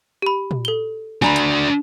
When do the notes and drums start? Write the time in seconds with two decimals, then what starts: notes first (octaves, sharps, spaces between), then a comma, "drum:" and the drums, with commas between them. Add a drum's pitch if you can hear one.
0.22 G4 B5
0.51 drum: tom A#2
0.65 A4 G7
1.22 D4 F#4 G#5 A#5 B5, drum: snare
1.36 drum: hi-hat